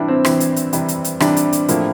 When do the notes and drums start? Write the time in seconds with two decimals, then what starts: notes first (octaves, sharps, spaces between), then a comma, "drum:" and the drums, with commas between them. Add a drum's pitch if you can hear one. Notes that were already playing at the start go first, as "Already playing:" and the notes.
Already playing: C3 E3 G3 D4 E4
0.08 C4
0.25 C3 E3 G3, drum: rim click
0.40 drum: hi-hat
0.56 drum: hi-hat
0.73 C3 E3 G3, drum: hi-hat
0.88 drum: hi-hat
1.04 drum: hi-hat
1.20 C3 E3 G3 D4, drum: rim click
1.37 drum: hi-hat
1.53 drum: hi-hat
1.68 A2 F3 A#3 E4, drum: hi-hat